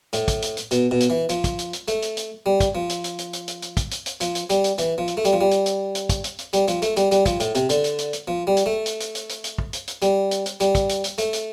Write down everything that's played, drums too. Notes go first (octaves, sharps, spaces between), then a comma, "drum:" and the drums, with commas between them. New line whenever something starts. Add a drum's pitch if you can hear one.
A2, drum: hi-hat
drum: kick, hi-hat
drum: hi-hat
drum: hi-hat
B2, drum: hi-hat
B2
drum: hi-hat
E3
F3, drum: hi-hat
drum: kick, hi-hat
drum: hi-hat
drum: hi-hat
A3, drum: hi-hat
drum: hi-hat
drum: hi-hat
G3
drum: kick, hi-hat
F3
drum: hi-hat
drum: hi-hat
drum: hi-hat
drum: hi-hat
drum: hi-hat
drum: hi-hat
drum: kick, hi-hat
drum: hi-hat
drum: hi-hat
F3, drum: hi-hat
drum: hi-hat
G3, drum: hi-hat
drum: hi-hat
E3, drum: hi-hat
F3
drum: hi-hat
A3
G3, drum: hi-hat
F3
G3
drum: hi-hat
drum: hi-hat
drum: hi-hat
drum: kick, hi-hat
drum: hi-hat
drum: hi-hat
G3, drum: hi-hat
F3, drum: hi-hat
A3, drum: hi-hat
G3, drum: hi-hat
G3, drum: hi-hat
F3, drum: kick, hi-hat
A2, drum: hi-hat
C3, drum: hi-hat
D3, drum: hi-hat
drum: hi-hat
drum: hi-hat
drum: hi-hat
F3
G3
drum: hi-hat
A3
drum: hi-hat
drum: hi-hat
drum: hi-hat
drum: hi-hat
drum: hi-hat
drum: kick
drum: hi-hat
drum: hi-hat
G3, drum: hi-hat
drum: hi-hat
drum: hi-hat
G3, drum: hi-hat
drum: kick, hi-hat
drum: hi-hat
drum: hi-hat
A3, drum: hi-hat
drum: hi-hat